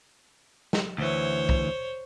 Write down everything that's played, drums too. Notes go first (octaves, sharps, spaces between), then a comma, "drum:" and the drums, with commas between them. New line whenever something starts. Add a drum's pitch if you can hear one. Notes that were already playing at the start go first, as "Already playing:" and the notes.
drum: snare
D2 E3 C5 C#5
drum: kick